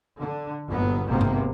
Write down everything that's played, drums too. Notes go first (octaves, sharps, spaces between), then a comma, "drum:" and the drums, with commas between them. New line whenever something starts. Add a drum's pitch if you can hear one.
D3
G1 A#2 F#3 B3
G#1 G#2 C3 A#3 B3
drum: tom G2